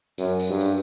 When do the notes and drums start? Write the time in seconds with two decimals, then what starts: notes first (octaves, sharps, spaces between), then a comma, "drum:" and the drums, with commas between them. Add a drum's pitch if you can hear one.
0.18 F#2, drum: tambourine
0.40 drum: tambourine
0.50 G2
0.60 drum: tambourine